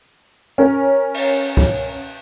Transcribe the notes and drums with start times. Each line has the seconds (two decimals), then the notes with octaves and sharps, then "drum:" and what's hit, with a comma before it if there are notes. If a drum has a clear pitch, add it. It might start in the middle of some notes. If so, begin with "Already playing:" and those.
0.58 C#4 A#4
1.14 drum: cymbal
1.57 drum: kick C2